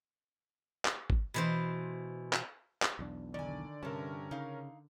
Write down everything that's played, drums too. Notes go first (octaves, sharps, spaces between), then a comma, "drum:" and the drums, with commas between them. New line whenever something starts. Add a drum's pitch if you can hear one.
drum: clap
drum: kick
B2 E3 C5
drum: clap
drum: clap
B1 E2 D4
D3 D#3 D5 G#5
G2 C3 C#4 A#4 A5
C#3 D#4 F5